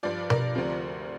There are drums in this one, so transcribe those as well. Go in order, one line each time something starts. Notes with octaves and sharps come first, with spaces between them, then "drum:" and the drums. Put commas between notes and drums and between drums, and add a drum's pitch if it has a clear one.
G2 F3 D5
A#4 D5, drum: tom B2
D2 C3 F3